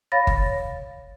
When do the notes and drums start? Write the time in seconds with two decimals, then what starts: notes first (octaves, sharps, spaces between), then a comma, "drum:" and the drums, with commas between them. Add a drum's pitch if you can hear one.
0.12 C#5 F5 B5 A6 A#6
0.27 drum: kick G1